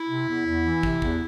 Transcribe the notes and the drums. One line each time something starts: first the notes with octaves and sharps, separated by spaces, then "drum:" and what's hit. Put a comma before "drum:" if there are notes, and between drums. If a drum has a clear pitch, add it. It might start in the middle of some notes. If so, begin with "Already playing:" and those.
Already playing: E4
C3
E2
E2
E3
C3, drum: kick
E2, drum: kick